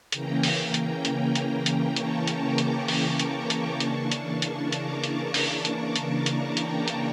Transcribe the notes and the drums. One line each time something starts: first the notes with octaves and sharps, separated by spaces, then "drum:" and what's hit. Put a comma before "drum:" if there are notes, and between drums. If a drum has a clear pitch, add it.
C#3 E3 A#3 C#4 G5 A#5, drum: hi-hat
drum: open hi-hat
drum: hi-hat
drum: hi-hat
drum: hi-hat
drum: hi-hat
A5 C#6, drum: hi-hat
drum: hi-hat
A#5 D6
drum: hi-hat
A5 C#6, drum: open hi-hat
drum: hi-hat
drum: hi-hat
C#3 E3 A#3 D4, drum: hi-hat
drum: hi-hat
drum: hi-hat
A#5 D6, drum: hi-hat
drum: hi-hat
drum: open hi-hat
drum: hi-hat
drum: hi-hat
drum: hi-hat
G5 A#5, drum: hi-hat
drum: hi-hat